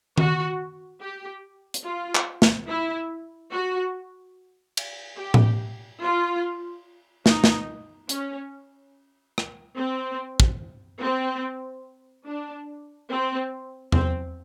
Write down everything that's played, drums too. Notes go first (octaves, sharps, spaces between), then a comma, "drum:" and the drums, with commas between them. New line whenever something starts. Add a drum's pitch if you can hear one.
F#4, drum: tom D#3
G4
drum: hi-hat
F4
drum: clap
drum: snare
E4
F#4
drum: cymbal
G4
drum: tom A2
F4
D#4, drum: snare
drum: snare
C#4, drum: hi-hat
drum: rim click
C4
drum: kick
C4
D4
C4
C4, drum: tom E2